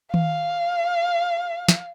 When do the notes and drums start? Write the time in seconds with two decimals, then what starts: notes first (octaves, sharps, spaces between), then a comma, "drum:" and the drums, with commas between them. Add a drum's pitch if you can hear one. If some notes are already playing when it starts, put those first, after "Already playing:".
0.14 F5, drum: tom D#3
1.69 drum: snare